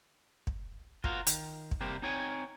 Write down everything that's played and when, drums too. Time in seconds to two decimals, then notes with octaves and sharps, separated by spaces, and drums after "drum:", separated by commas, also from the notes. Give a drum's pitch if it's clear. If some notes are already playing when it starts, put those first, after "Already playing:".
0.47 drum: kick
1.04 F4 F#4 A#4 C5 F5, drum: kick
1.27 D#3, drum: hi-hat
1.71 drum: kick
1.81 C3 G3 A#3 G4 C5
2.02 C4 D#4 C#5 G5 G#5